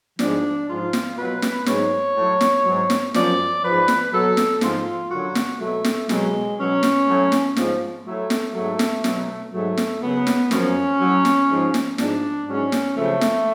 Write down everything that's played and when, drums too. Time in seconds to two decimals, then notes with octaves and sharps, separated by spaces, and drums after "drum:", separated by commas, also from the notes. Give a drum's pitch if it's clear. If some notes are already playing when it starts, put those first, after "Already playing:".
0.19 G#2 F3 D4, drum: snare
0.69 G#2 F3 F4
0.93 drum: snare
1.17 B2 F#3 B4
1.42 drum: snare
1.66 G#2 F#3 C#5, drum: snare
2.16 A2
2.21 F#3
2.41 drum: snare
2.65 G#2 F#3
2.90 drum: snare
3.14 F#2 F3 D5, drum: snare
3.64 G#2 F3 B4
3.88 drum: snare
4.13 B2 F#3 A4
4.37 drum: snare
4.61 G#2 F3 F4, drum: snare
5.10 F#2 D3 F#3 F#4
5.35 drum: snare
5.59 B2 F#3 A3
5.84 drum: snare
6.09 B2 F#3 G#3, drum: snare
6.58 B2 F#3 C#4
6.83 drum: snare
7.07 A2 F#3
7.32 drum: snare
7.56 G#2 F3, drum: snare
8.06 A2 F#3 A3
8.30 drum: snare
8.54 G#2 F#3 A3
8.79 drum: snare
9.04 B2 F#3, drum: snare
9.52 G#2 F#3 A3
9.77 drum: snare
10.02 F#2 C#3 F#3 B3
10.27 drum: snare
10.51 F#2 F3 C#4, drum: snare
11.00 A2 F#3
11.25 drum: snare
11.49 G#2 F3
11.74 drum: snare
11.98 G#2 F3 D4, drum: snare
12.48 G#2 F#3 C#4
12.72 drum: snare
12.97 F#2 C#3 F3 A3
13.21 drum: snare